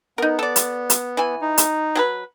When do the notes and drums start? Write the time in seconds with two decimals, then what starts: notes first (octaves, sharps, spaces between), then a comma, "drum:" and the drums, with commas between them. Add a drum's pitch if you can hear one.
0.18 B3 D#4 A#4
0.39 A4 D5
0.56 drum: hi-hat
0.90 drum: hi-hat
1.17 E3 G#5
1.42 D#4
1.58 drum: hi-hat
1.95 F#3 G#4 B4